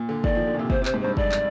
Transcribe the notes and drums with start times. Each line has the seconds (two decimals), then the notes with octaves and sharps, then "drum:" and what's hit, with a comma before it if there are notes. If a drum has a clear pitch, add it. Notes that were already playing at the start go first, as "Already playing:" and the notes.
Already playing: A#2
0.09 D3
0.24 D#3 D5, drum: kick
0.35 F3
0.47 D3
0.54 A#2
0.59 C3
0.70 C3 C5, drum: kick
0.82 C3
0.85 C5, drum: clap
0.94 G#2
1.01 G2 C5
1.17 F2 D5, drum: kick
1.32 drum: clap